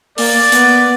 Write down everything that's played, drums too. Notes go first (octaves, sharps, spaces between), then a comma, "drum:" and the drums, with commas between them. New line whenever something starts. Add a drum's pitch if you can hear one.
A#3 D5, drum: open hi-hat
B3, drum: hi-hat